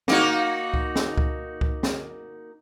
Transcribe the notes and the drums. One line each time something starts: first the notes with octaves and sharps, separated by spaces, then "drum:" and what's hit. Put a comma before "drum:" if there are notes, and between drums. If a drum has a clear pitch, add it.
A#3 D#4 F#4, drum: snare
drum: kick C#2
drum: snare
drum: kick C#2
drum: kick C#2
drum: snare